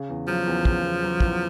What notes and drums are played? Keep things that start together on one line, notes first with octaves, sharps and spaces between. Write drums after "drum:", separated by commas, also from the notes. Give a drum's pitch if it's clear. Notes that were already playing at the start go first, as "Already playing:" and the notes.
Already playing: C#3
E2
F3 F#3
E2
C#3, drum: kick
E2
F#3
E2, drum: kick